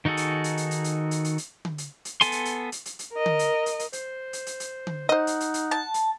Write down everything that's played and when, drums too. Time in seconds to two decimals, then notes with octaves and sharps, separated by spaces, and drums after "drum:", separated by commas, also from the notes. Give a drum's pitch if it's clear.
0.05 D#3 D#4 F#4 G#4 A4
0.17 drum: hi-hat
0.44 drum: hi-hat
0.57 drum: hi-hat
0.71 drum: hi-hat
0.84 drum: hi-hat
1.11 drum: hi-hat
1.25 drum: hi-hat
1.38 drum: hi-hat
1.65 drum: tom D3
1.78 drum: hi-hat
2.05 drum: hi-hat
2.21 B3 A4 G#5 C6, drum: hi-hat
2.32 drum: hi-hat
2.45 drum: hi-hat
2.72 drum: hi-hat
2.86 drum: hi-hat
2.99 drum: hi-hat
3.13 A#4 D#5
3.26 drum: tom D3
3.39 drum: hi-hat
3.66 drum: hi-hat
3.79 drum: hi-hat
3.93 C5, drum: hi-hat
4.33 drum: hi-hat
4.47 drum: hi-hat
4.60 drum: hi-hat
4.87 drum: tom D3
5.09 D#4 C5 D#5 F#5
5.27 drum: hi-hat
5.40 drum: hi-hat
5.54 drum: hi-hat
5.71 A5
5.94 drum: hi-hat